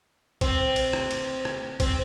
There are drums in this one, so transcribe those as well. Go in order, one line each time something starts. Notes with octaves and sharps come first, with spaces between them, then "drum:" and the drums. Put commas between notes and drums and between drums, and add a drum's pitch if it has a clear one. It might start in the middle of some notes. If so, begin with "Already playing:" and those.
C4, drum: kick A1, cymbal
drum: cymbal
drum: rim click
drum: cymbal
drum: rim click
C4, drum: kick A1, cymbal